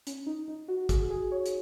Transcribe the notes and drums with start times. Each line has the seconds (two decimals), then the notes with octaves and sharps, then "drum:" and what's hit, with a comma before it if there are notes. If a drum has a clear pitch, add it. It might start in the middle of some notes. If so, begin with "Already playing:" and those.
0.07 C#4, drum: hi-hat
0.26 D#4
0.48 D#4
0.68 F#4
0.89 G#4, drum: kick, hi-hat
1.10 G#4
1.31 C#5
1.46 drum: hi-hat